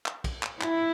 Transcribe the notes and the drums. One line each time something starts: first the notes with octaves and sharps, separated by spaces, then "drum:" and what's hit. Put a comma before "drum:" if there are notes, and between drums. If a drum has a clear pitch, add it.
drum: clap
drum: kick, cymbal
drum: clap
E4, drum: clap